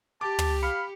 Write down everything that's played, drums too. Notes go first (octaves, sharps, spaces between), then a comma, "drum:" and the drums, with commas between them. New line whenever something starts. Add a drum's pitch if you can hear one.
G4 A5 D6
drum: tom
F5 B5 C#7